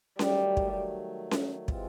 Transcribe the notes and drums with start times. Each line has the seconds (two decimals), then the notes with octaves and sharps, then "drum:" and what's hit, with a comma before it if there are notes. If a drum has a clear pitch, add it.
0.19 D#3 F#3 G3 A3, drum: snare C#4
0.57 drum: kick
1.31 drum: snare C#4
1.68 C3 E3 G#3 C4 F4, drum: kick